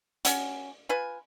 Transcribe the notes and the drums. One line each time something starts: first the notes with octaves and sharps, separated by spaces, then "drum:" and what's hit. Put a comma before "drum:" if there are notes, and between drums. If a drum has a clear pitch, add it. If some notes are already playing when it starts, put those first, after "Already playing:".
C#4 F#4, drum: hi-hat
F4 B4 G#5